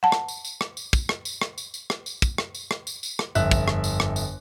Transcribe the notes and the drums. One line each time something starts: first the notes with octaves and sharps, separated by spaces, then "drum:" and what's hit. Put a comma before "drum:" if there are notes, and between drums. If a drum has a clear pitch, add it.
F#5 A5
drum: rim click
drum: tambourine
drum: tambourine
drum: rim click
drum: tambourine
drum: kick, tambourine
drum: rim click
drum: tambourine
drum: rim click
drum: tambourine
drum: tambourine
drum: rim click
drum: tambourine
drum: kick, tambourine
drum: rim click
drum: tambourine
drum: rim click
drum: tambourine
drum: tambourine
drum: rim click
G1 F2 E5 F#6, drum: tambourine
drum: kick, tambourine
drum: rim click
drum: tambourine
drum: rim click
drum: tambourine